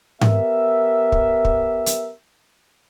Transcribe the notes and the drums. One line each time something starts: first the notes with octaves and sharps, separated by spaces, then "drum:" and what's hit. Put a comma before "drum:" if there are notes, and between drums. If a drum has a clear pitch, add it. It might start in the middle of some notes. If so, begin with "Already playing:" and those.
B3 G4 A#4 E5, drum: tom G#2
drum: kick
drum: kick
drum: hi-hat